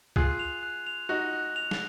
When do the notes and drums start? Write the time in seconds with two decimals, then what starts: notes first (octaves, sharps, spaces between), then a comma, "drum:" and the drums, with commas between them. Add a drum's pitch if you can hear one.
0.16 F4 G#4 F#6, drum: kick C2
0.39 F7
0.63 F#6
0.87 F7
1.09 D#4 F#4 F#6
1.33 F#6
1.56 F7
1.71 drum: snare